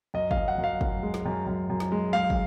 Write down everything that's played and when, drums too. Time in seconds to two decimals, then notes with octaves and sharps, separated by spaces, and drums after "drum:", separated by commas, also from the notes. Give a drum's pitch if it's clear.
0.14 F#2 D#5
0.31 F5, drum: kick
0.37 F#2
0.48 F#5
0.58 F#2
0.64 F5
0.81 F#2, drum: kick
1.03 G#3
1.14 drum: snare
1.26 F#2
1.47 F#2
1.70 F#2
1.80 drum: snare
1.92 G#3
2.13 G#3 F5
2.30 drum: kick